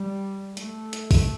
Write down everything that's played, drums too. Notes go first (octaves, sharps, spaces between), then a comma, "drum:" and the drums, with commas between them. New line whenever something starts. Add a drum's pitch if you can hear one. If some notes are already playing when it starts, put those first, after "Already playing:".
Already playing: G3
A3, drum: hi-hat
drum: hi-hat
drum: kick, open hi-hat